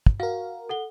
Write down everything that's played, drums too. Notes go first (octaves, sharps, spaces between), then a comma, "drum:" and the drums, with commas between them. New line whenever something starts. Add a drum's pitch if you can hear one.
drum: kick
F#4 A#4 F5
A4 F#5 G7